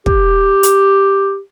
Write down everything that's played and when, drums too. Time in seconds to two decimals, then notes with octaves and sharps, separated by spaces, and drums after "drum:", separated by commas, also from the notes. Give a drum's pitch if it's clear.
0.06 G4, drum: kick
0.63 drum: hi-hat